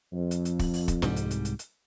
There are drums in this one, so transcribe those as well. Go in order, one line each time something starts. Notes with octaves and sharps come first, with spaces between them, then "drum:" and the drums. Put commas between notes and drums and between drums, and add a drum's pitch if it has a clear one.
F2
drum: hi-hat
drum: hi-hat
drum: kick, open hi-hat
drum: open hi-hat
drum: kick, hi-hat
C2 G#2 G3, drum: snare
drum: hi-hat
drum: hi-hat
drum: hi-hat
drum: hi-hat